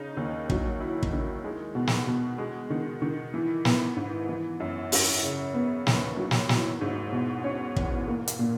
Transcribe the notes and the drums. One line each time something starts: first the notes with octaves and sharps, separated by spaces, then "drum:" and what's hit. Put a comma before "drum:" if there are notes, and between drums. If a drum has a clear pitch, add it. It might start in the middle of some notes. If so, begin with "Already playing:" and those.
Already playing: C#3 D#4
D#2
F#3, drum: kick
E4
drum: kick
D#3
G#3
B2
drum: snare
B2
G#3
D#3
D#3
E3
B3, drum: snare
G#2
E3
F#2
F#2, drum: open hi-hat
C#3
B3
D#2, drum: snare
F#3
drum: snare
E4, drum: snare
G#2
B2
C#4
E2, drum: kick
A#3
drum: hi-hat
A#2